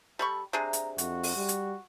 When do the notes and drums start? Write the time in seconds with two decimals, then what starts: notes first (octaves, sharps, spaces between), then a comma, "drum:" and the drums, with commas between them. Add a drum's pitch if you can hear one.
0.19 G3 A4 B5 C#6
0.53 C3 D4 G#4 A#5
0.73 drum: hi-hat
0.98 F2 F#4, drum: hi-hat
1.23 drum: open hi-hat
1.37 G3
1.49 drum: hi-hat